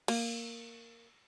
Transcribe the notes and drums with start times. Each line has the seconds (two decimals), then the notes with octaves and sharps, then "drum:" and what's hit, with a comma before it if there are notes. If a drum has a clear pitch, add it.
0.08 A#3, drum: cymbal